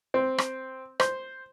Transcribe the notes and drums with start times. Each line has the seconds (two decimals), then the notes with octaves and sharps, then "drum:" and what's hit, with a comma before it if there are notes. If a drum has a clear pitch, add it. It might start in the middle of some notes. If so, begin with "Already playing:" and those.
0.14 C4
0.38 drum: rim click
1.00 C5, drum: rim click